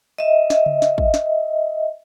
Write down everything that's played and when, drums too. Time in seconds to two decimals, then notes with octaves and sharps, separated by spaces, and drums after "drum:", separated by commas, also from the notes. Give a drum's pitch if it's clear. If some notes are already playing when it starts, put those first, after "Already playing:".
0.18 D#5 E5
0.50 drum: snare
0.66 drum: tom C#3
0.82 drum: snare
0.98 drum: kick
1.14 drum: snare